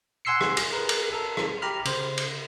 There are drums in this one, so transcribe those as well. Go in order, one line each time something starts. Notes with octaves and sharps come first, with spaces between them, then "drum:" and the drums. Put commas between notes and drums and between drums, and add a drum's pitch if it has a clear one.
F#5 G#5 C6 E6 C7 C#7
drum: rim click
drum: cymbal
G#4 A#4 B4
drum: cymbal
A4 A#4
drum: rim click
G4 A#5 B5 F6
C#3 C5, drum: cymbal
drum: cymbal